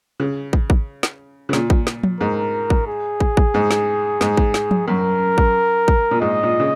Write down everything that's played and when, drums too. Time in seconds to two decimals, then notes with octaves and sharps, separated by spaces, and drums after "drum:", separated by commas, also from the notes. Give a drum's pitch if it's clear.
0.20 C#3
0.53 drum: kick
0.70 drum: kick
1.03 drum: snare
1.49 C#3
1.53 A#2, drum: snare
1.70 drum: kick
1.87 drum: snare
2.03 drum: tom F3
2.20 G#2 A#4
2.70 drum: kick
2.88 G#4
3.20 drum: kick
3.37 drum: kick
3.54 G#2
3.71 drum: snare
4.21 G#2, drum: snare
4.37 drum: kick
4.54 drum: snare
4.71 drum: tom F3
4.88 F#2 A#4
5.38 drum: kick
5.88 drum: kick
6.11 A#2
6.21 G#2 D#5
6.43 A#2
6.60 C#3